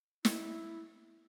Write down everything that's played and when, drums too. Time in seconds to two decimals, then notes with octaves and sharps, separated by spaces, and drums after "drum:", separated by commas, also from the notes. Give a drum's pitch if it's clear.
0.25 E4, drum: snare